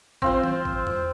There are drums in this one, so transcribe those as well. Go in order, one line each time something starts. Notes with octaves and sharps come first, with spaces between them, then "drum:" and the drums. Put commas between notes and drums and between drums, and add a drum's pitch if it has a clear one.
C4 F4 C5, drum: kick G#1
drum: tom E3
drum: kick G#1
drum: tom E2